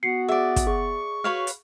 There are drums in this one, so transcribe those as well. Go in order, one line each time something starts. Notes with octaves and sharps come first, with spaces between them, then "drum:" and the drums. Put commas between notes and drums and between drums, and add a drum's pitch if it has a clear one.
B3 F#4 C7 C#7
G#4 D5 E5 F#5
drum: kick, hi-hat
G#4 C#6
F#4 B4 C#5 F5
drum: hi-hat